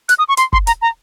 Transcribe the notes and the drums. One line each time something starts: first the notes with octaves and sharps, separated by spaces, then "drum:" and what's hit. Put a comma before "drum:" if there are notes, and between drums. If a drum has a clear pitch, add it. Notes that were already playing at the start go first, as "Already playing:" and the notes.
F#6, drum: hi-hat
D#6
C#6
C6, drum: hi-hat
C6, drum: kick F#1
A#5, drum: hi-hat
A#5